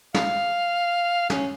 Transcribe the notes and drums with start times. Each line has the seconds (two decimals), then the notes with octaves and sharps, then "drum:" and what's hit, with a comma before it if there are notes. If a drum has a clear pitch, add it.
0.14 F5, drum: snare
1.30 C#4, drum: snare